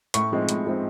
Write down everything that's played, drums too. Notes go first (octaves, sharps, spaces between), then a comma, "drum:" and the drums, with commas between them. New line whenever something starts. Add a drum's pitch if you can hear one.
A2 C#6, drum: hi-hat
F3 G#3 C4 D#4
A2, drum: hi-hat
F3 G#3 C4 D#4